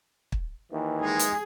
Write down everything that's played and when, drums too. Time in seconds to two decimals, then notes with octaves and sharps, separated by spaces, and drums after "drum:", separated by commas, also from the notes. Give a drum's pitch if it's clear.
0.32 drum: kick
0.73 D#2 E3
1.02 G#3 D#4 G#4
1.19 drum: hi-hat